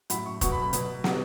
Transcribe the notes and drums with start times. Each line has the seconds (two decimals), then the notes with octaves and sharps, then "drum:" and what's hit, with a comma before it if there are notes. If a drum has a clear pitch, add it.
0.10 A2 F#3 B5, drum: hi-hat
0.26 C#6
0.41 B2 F#3 C#6, drum: kick F1, hi-hat
0.52 B5
0.62 B5
0.73 B2 F#3, drum: hi-hat
1.04 B2 F#3, drum: snare